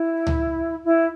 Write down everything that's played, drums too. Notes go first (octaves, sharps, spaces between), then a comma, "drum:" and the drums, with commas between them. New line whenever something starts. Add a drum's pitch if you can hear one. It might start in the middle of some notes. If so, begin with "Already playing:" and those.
Already playing: E4
drum: tom C#2
E4